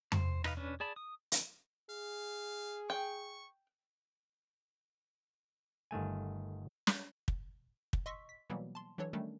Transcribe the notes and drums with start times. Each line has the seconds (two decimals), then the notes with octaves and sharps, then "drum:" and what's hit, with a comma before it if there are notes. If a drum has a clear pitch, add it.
0.12 C5, drum: tom F2
0.44 D#4 B4 D#5 F5, drum: rim click
0.57 C#4 D4 B4
0.80 G#4 D5 A5 B5
0.96 D#6
1.32 drum: hi-hat
1.90 G#4 F5
2.90 G5 C#6
5.91 G1 D#3 A3 G#5
6.87 drum: snare
7.28 drum: kick
7.93 drum: kick
8.06 D#5 C6 C#6 E6 B6
8.29 B6
8.50 B2 E3 F#3 G3 A#3 B3
8.75 A5 C6
8.98 E3 F#3 D4 A4 C#5
9.13 D#3 G3 A3 C#4 D4